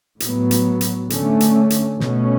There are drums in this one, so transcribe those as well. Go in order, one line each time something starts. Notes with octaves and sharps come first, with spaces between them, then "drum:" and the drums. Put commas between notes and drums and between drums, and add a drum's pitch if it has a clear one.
A2 F#3 B3, drum: hi-hat
drum: hi-hat
drum: hi-hat
D3 A3 C#4, drum: hi-hat
drum: hi-hat
drum: hi-hat
B2 A3 C#4, drum: snare